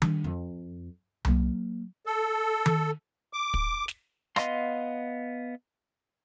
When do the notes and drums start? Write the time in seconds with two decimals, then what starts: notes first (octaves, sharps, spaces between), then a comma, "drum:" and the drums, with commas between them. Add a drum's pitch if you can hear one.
0.02 G3 D4, drum: tom D#3
0.24 F2
1.25 F#3 A#3, drum: tom C2
2.06 A4
2.66 drum: tom D#3
3.33 D6
3.54 drum: kick
3.88 drum: snare
4.36 B3 D#5 F5 C6, drum: rim click